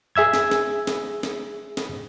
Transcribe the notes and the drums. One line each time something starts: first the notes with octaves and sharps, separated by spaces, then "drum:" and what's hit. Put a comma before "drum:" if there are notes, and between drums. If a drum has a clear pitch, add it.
G#4 E5 E6 G#6
drum: snare
drum: snare
drum: snare
drum: snare
drum: snare